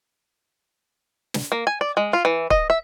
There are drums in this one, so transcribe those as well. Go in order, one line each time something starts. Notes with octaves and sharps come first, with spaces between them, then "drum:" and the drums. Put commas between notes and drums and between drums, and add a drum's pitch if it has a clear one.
drum: snare
A#3
G#5
D5
G#3
F4
E3
D#5, drum: kick
E5